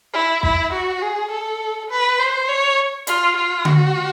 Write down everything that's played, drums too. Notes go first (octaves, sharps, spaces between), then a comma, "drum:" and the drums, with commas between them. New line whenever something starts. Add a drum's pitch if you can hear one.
E4
E4, drum: kick
F#4
G#4
A4
B4
C5
C#5
F4, drum: hi-hat
F4
F#4, drum: tom D3